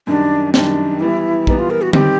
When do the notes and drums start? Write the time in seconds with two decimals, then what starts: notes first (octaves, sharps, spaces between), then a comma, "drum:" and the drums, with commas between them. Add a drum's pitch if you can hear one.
0.07 F#2 D#3 G3 D4
0.54 F#2 D#3 G3 D4, drum: snare
1.00 E3 G3 B3 E4
1.47 E3 G3 B3 D#4, drum: kick
1.59 F4
1.70 A#4
1.82 F#4
1.93 D#3 G3 C4 G4, drum: tom D3